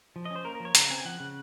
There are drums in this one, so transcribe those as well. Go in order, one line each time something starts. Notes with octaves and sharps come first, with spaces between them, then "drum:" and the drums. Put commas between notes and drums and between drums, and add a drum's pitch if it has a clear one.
F3
D#5
C#4
C5
A#3 A#4
A#4
F3
C#5
C#3 A#5, drum: hi-hat
C4 G#5
G#5
F3 F#5
C#3